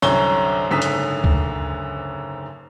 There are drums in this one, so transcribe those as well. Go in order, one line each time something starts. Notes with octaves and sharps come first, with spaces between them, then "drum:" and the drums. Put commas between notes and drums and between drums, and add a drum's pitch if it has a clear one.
C2 F#2 D3 C#5 A#5 G7, drum: tambourine
F#1 G#2 D3 C#4 D#6 B6
drum: hi-hat
drum: kick C#2